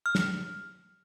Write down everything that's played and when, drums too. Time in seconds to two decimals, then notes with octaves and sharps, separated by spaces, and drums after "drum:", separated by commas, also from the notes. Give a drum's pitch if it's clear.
0.06 F6
0.15 drum: snare